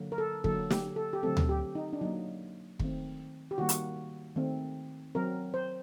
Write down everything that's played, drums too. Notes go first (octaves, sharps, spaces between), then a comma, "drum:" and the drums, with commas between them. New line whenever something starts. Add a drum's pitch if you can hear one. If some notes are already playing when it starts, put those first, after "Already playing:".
Already playing: D3 F#3 A#3
A#4
A4
D3 F#3 A#3 A4, drum: kick
G4, drum: snare
A4
G4
D3 F#3 A3 C4 A4
drum: tom D2
G4
D#4
D4
F#3 A#3 D#4
D#3 A3 C4, drum: kick
G4
D#3 G3 A#3 F#4
drum: hi-hat
D#3 A3 C4
F#3 C4 A#4
C5